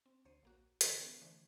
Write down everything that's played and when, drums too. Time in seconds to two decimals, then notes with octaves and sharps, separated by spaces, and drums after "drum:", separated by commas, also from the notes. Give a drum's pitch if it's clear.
0.06 C4
0.25 D2 C5 C#5 C7 D#7
0.43 A#1 A#3 F#4
0.81 D3 E3 G3 A#3, drum: hi-hat
1.00 B3 C#4
1.22 D3 E3 A3 G#4 C5 D5